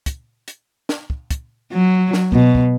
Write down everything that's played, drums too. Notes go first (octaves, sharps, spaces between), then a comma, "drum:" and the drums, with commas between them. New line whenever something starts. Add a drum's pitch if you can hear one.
drum: kick, hi-hat
drum: hi-hat
drum: snare
drum: kick
drum: kick, hi-hat
F#3
drum: snare
B2, drum: kick
drum: kick